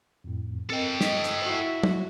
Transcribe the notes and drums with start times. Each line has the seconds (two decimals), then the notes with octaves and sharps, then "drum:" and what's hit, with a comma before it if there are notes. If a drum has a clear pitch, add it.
0.24 F2 A2
0.70 C4 A4 A#4 D#5 G5
1.01 D#5 B6, drum: snare
1.24 drum: hi-hat
1.45 E4 F#4
1.83 drum: tom